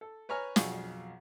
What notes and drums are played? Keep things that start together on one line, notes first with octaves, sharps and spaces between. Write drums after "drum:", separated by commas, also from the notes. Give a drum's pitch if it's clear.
A4
B4 C#5 G#5 A#5 F6
B1 F2 G#4 F5 C#6, drum: snare